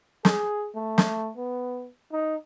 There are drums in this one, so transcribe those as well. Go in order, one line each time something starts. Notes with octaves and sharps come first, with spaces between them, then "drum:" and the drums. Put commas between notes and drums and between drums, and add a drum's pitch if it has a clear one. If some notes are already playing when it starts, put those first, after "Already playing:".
G#4, drum: snare
A3
drum: snare
B3
D#4